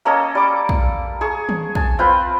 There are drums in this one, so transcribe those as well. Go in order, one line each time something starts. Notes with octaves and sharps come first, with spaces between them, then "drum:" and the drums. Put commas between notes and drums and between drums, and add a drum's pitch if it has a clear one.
A#3 C#4 A4 D#5
G3 D6
drum: kick
G#4 A5 C#6
drum: tom
G#5 A5, drum: kick
C4 F4 B4 G5